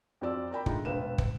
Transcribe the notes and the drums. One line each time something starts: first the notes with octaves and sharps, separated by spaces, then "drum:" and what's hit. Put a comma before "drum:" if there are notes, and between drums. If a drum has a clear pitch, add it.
F2 F3 F#4 D5 E6
A#4 D5 G5 B5
G#3 A3 D4 D#4 F4, drum: kick
E1 A#1 B4 F5 E7
drum: kick